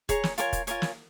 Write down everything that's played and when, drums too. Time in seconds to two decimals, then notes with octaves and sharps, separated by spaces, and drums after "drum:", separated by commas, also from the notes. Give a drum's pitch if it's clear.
0.09 G#4 C#5 A#5, drum: kick, hi-hat
0.24 drum: snare
0.38 F4 A#4 C#5 G#5, drum: hi-hat
0.53 drum: kick, hi-hat
0.67 F4 A#4 C#5 G#5, drum: hi-hat
0.82 drum: snare